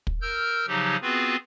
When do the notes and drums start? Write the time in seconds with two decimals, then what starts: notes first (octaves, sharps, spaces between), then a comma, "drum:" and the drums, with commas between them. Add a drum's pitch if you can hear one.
0.07 drum: kick
0.22 A#4 E6 F6 G6
0.67 C#3 F3 F#3 D#4 G4
1.02 B3 C4 F4 F#4 G#4 B4